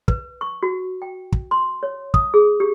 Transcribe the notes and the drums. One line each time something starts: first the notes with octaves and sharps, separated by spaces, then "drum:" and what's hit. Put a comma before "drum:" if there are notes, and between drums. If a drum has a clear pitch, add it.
B4, drum: kick
C#6
F#4
G5
drum: kick
C6
C#5
D#6, drum: kick
G#4
G4